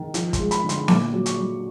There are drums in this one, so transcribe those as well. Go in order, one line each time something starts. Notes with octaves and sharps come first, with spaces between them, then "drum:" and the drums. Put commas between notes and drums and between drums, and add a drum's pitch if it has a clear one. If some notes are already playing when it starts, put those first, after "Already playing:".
Already playing: D#3
F3, drum: hi-hat
C6, drum: kick, hi-hat
G#3
B5, drum: hi-hat
D3
C6, drum: hi-hat
A#2 D6, drum: snare B3
F#3
C#6, drum: hi-hat
F#3